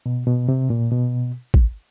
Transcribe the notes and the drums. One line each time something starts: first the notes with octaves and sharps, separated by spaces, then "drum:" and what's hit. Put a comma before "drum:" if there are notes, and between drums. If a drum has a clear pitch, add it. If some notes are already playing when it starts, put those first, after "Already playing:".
B2
B2
C3
A#2
B2
drum: kick